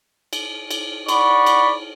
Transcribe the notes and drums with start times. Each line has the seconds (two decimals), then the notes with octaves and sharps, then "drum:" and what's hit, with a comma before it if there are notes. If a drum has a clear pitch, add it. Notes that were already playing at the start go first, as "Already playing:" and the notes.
0.33 drum: cymbal
0.71 drum: cymbal
1.09 D5 F#5 B5 C#6, drum: cymbal
1.46 drum: cymbal